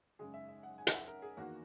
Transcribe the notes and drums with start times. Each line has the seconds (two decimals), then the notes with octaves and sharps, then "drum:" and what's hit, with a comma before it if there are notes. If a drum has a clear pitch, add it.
0.19 F#2 C#3 G#3 G#4
0.34 E5
0.48 E5
0.63 F#5
0.78 G#5
0.87 E5, drum: hi-hat
0.93 F#5
1.08 A#4
1.22 G#4
1.37 E2 D#3 A#3 F#4